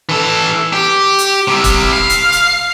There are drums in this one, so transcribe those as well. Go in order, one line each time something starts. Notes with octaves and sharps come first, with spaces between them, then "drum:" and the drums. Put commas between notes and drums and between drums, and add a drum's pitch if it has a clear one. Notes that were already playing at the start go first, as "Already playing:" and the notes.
E3 A4
G4
drum: hi-hat
C3 E4
drum: kick, hi-hat
F5
drum: hi-hat
drum: hi-hat